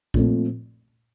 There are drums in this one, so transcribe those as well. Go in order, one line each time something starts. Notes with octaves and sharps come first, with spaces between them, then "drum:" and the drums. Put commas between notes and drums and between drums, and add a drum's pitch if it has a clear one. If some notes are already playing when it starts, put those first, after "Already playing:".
A#2 F3 A3 C4, drum: kick A#1